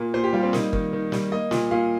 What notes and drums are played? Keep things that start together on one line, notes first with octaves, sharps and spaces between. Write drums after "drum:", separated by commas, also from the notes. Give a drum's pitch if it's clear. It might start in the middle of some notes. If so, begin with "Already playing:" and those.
Already playing: A#2 A#3
A#2 C5
G4
G3 F4
C4
A#3 D#4, drum: snare
D#3, drum: kick
D#3
G3, drum: snare
A#3 D#5
A#2, drum: snare
A#2 F5